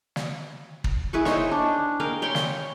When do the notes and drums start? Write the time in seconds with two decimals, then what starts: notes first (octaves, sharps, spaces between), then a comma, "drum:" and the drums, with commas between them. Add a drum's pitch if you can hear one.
0.16 drum: snare
0.84 drum: kick
1.13 E4 G#4 B4 C#6
1.25 D#4 C5 C#5 C#6, drum: snare
1.51 D4
2.00 G#4 A#4 F5 G5
2.22 C#5 G5 B5 C6
2.35 drum: snare